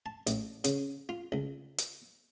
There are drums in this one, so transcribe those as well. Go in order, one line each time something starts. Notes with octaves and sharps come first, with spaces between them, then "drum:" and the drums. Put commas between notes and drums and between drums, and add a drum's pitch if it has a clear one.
A5
A1, drum: hi-hat
C#3, drum: hi-hat
F4
C#2
drum: hi-hat